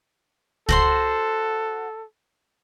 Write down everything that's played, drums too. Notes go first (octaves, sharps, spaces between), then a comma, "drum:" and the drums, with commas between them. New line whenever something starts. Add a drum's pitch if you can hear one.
F#4 A4 C5 C6, drum: kick